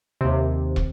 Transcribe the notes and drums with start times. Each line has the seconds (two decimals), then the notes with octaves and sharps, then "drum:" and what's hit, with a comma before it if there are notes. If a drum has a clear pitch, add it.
0.21 D#2 C3
0.76 drum: kick